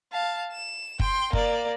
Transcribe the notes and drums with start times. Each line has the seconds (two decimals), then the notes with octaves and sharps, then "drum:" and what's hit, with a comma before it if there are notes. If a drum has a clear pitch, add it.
0.12 F5 A5
0.52 E7
1.00 G5 C6, drum: kick
1.33 A#3 D5, drum: kick